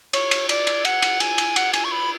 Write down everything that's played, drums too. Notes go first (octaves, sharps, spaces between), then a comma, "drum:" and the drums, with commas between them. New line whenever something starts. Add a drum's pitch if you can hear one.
C#5, drum: cymbal
drum: cymbal
D5, drum: cymbal
drum: cymbal
F#5, drum: cymbal
drum: cymbal
G#5, drum: cymbal
drum: cymbal
F#5, drum: cymbal
G#5, drum: cymbal
C#6
B5